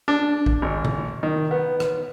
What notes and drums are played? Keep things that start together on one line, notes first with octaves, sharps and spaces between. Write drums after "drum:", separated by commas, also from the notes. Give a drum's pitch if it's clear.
D4
drum: kick
G#1
drum: tom C3
D#3
B3
drum: rim click